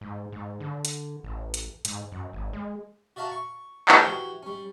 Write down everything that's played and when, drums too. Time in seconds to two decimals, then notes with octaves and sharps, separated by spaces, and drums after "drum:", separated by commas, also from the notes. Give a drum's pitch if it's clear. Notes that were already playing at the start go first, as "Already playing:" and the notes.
0.01 G#2
0.32 G#2
0.60 D3
0.85 drum: hi-hat
1.24 A1
1.54 drum: hi-hat
1.85 G#2, drum: hi-hat
2.12 F#2
2.33 G#1
2.53 G#3
3.16 F#4 D5 E5 F5 A5 A#5
3.31 C#6
3.88 A3 C#4 D4 G4 C5, drum: clap
4.04 E3 F#4 G4
4.43 G3 C#4